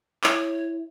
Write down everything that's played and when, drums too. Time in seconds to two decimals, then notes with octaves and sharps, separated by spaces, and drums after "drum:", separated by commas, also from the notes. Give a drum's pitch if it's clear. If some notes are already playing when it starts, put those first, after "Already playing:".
0.24 E4 C#5, drum: clap